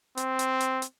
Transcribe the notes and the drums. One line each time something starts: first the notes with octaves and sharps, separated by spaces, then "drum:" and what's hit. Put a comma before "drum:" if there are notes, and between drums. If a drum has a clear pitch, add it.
C4, drum: hi-hat
drum: hi-hat
drum: hi-hat
drum: hi-hat